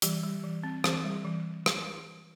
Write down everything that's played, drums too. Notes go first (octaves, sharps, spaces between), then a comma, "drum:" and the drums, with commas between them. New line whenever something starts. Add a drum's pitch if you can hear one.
E3 G3 G4, drum: hi-hat
G3
E3
C4
E3 C4 C5, drum: rim click
G3
E3
drum: rim click